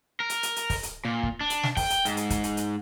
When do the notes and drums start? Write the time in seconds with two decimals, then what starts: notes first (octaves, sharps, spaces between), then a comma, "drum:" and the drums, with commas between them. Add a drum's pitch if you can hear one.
0.20 A#4
0.30 drum: hi-hat
0.43 drum: hi-hat
0.56 drum: hi-hat
0.70 drum: kick, open hi-hat
0.83 drum: hi-hat
1.05 A#2
1.23 drum: kick
1.41 D4
1.50 drum: hi-hat
1.63 drum: snare
1.77 G5, drum: kick, open hi-hat
1.90 drum: hi-hat
2.05 G#2, drum: hi-hat
2.17 drum: hi-hat
2.30 drum: kick, hi-hat
2.44 drum: hi-hat
2.57 drum: hi-hat